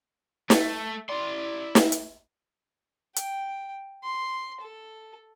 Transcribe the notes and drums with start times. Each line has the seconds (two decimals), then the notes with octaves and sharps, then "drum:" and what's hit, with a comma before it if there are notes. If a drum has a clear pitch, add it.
0.50 A3, drum: snare
1.09 E4 D5 C6
1.75 drum: snare
1.92 drum: hi-hat
3.16 G5, drum: hi-hat
4.04 C6
4.61 A4